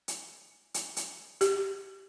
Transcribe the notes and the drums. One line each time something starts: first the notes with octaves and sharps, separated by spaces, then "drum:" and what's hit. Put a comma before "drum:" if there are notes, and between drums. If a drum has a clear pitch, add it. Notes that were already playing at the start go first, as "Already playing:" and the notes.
drum: hi-hat
drum: hi-hat
drum: hi-hat
G4, drum: hi-hat